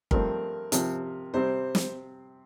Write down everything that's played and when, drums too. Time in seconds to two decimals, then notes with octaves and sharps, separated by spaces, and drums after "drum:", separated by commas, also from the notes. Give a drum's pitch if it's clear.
0.11 G2 F3 A3 C4 A#4, drum: kick
0.72 C3 F3 C4, drum: hi-hat
1.34 C3 G3 C4 C5
1.75 drum: snare